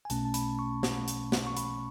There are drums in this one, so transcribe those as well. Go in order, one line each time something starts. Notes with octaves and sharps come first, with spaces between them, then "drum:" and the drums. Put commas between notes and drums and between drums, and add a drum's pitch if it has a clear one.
G#5
B1 B2 A3 C#4 A5, drum: hi-hat
A5
B5, drum: hi-hat
C#6
drum: snare
drum: hi-hat
drum: snare
C#6
B5, drum: hi-hat